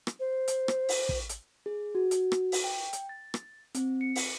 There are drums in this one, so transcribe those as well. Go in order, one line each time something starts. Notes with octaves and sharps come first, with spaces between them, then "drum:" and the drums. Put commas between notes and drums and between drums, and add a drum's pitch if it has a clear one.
drum: rim click
C5
drum: hi-hat
drum: rim click
drum: open hi-hat
drum: kick
drum: hi-hat
G#4
F#4
drum: hi-hat
drum: rim click
drum: open hi-hat
G5
drum: hi-hat
A6
drum: rim click
C4, drum: hi-hat
C#7
drum: open hi-hat